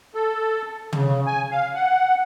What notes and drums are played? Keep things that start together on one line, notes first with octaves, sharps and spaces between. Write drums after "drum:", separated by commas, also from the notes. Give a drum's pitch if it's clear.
A4
C#3, drum: tom
G#5
F5
F#5